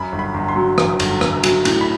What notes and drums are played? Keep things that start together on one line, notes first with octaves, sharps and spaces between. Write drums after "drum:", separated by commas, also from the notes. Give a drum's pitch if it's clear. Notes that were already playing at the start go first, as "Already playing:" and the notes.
Already playing: F#2 B5
G1
B5
G1
C6
F#3
F#2, drum: rim click
G1, drum: cymbal
G1, drum: rim click
F#3, drum: cymbal
A2, drum: cymbal
B5